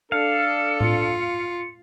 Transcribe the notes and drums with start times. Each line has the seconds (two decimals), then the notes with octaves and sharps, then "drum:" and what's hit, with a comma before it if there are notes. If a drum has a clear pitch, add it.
0.12 D4 A4 F5 C#7
0.80 F4, drum: tom A2